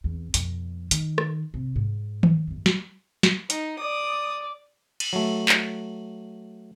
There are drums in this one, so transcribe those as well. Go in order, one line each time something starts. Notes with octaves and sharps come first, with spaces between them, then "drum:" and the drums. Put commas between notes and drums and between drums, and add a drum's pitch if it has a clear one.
E2 C4
F2 B2, drum: hi-hat
D#3, drum: hi-hat
drum: rim click
C3
G#2
drum: tom D#3
G1 F#2
drum: snare
drum: snare
D#4, drum: hi-hat
D5 D#6
drum: cymbal
F#3 A3
drum: clap